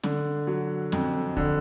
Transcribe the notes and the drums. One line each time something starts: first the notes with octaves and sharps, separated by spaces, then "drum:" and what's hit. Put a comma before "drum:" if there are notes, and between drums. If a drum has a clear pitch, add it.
D3, drum: snare
F#3
F2, drum: snare
D3, drum: kick